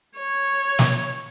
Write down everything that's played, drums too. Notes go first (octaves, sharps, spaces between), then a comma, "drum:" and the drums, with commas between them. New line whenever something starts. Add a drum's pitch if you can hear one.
C#5
drum: snare